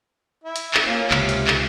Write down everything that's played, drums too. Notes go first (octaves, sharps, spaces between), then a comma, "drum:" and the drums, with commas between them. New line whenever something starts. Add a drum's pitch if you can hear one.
E4
drum: hi-hat
drum: clap
A#3 C#4 F4
C#2 C3, drum: clap
drum: hi-hat
drum: clap